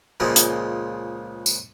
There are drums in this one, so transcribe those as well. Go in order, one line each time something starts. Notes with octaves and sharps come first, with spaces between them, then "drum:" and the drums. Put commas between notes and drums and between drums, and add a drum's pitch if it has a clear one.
C#2 A#2 F3 G#3
drum: hi-hat
drum: tambourine